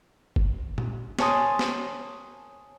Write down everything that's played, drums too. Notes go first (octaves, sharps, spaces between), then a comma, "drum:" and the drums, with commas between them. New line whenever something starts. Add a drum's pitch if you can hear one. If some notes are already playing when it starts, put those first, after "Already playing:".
drum: kick F#1
drum: tom A#2
A#4 C#5 G#5 A5 C6 D#6, drum: snare
drum: snare